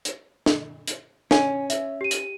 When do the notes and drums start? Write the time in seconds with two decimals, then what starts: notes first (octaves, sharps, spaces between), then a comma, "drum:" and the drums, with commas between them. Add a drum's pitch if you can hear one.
0.05 drum: hi-hat
0.46 drum: snare
0.88 drum: hi-hat
1.31 C#4 G#5, drum: snare
1.70 E5, drum: hi-hat
2.01 G4 D#7
2.11 drum: hi-hat